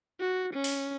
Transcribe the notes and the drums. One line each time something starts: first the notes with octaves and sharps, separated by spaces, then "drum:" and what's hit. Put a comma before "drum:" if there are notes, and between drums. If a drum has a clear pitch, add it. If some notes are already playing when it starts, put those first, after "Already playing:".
F#4
C#4
drum: open hi-hat